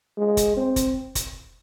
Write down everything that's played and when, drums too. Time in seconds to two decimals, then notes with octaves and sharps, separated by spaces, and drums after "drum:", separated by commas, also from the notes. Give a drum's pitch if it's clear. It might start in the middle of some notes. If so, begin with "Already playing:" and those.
0.18 G#3
0.37 drum: kick, hi-hat
0.57 C4
0.76 drum: kick, hi-hat
1.15 drum: kick, hi-hat